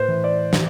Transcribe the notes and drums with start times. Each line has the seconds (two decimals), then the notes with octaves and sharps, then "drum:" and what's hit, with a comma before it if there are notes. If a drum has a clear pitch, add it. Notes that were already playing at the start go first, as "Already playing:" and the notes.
Already playing: A2 B4 C5
0.08 E3
0.24 D5
0.53 E3, drum: snare